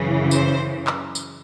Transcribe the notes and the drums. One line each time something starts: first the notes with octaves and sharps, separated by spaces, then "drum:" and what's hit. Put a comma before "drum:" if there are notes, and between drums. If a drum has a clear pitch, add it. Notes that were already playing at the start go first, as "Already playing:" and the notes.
Already playing: F#2 C#3 E3
C5, drum: tambourine
drum: clap
drum: tambourine